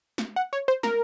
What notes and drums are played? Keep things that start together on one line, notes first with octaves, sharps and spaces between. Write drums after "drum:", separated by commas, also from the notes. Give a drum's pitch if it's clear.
drum: snare
F#5
C#5
C5
A#4, drum: snare